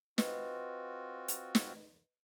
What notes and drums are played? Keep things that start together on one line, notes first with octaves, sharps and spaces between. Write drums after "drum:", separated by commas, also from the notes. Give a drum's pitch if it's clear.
C4 F4 F#4 B4 D#5, drum: snare
drum: hi-hat
drum: snare